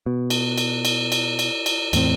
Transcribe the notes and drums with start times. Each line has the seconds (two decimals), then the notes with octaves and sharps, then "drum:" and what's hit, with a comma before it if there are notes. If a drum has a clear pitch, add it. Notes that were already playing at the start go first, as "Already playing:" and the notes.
0.06 B2
0.30 drum: cymbal
0.58 drum: cymbal
0.85 drum: cymbal
1.12 drum: cymbal
1.39 drum: cymbal
1.66 drum: cymbal
1.93 E2 A2 B3 C4, drum: cymbal